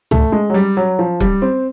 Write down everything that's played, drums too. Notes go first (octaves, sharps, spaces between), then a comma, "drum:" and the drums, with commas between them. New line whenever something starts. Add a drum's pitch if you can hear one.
A3, drum: tom C#2
G#3
F#3
G3
F#3
F3
G3, drum: kick
C4